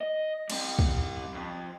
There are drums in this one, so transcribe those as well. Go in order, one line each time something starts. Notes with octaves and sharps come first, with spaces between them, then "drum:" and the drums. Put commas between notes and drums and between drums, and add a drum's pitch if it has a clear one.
D#5
G3 C4, drum: cymbal
drum: kick
F2